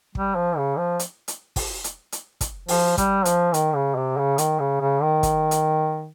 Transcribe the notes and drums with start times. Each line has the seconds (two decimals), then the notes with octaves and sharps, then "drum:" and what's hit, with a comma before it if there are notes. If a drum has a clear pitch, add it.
0.15 G3, drum: kick
0.36 F3
0.57 C#3
0.78 F3
0.99 drum: hi-hat
1.28 drum: hi-hat
1.56 drum: kick, open hi-hat
1.84 drum: hi-hat
2.12 drum: hi-hat
2.41 drum: kick, hi-hat
2.68 F3, drum: open hi-hat
2.98 G3, drum: kick, hi-hat
3.25 F3, drum: hi-hat
3.54 D#3, drum: hi-hat
3.75 C#3
3.96 C3
4.18 C#3
4.38 D#3, drum: hi-hat
4.59 C#3
4.81 C#3
5.02 D#3
5.23 drum: kick, hi-hat
5.51 drum: hi-hat